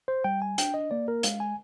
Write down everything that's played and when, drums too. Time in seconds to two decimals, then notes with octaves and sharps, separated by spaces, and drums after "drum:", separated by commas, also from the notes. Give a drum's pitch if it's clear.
0.08 C5
0.24 G3 G5
0.42 G#5
0.58 D4 G5, drum: hi-hat
0.74 D#5
0.91 A#3 D5
1.08 A#4
1.23 G#3 F5, drum: hi-hat
1.40 G#5